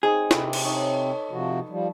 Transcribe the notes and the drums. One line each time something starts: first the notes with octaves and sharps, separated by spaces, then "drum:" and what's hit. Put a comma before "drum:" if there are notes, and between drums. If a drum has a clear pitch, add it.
C4 D#4 G#4 G5
C3 C4 D4 A4 B4, drum: snare
drum: cymbal
D#4 C#5 D#6
C3 F3 F#4
F3 G3